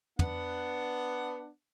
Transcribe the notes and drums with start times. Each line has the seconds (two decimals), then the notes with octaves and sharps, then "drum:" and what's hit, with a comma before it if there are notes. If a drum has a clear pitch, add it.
0.19 B3 D4 F#5, drum: tom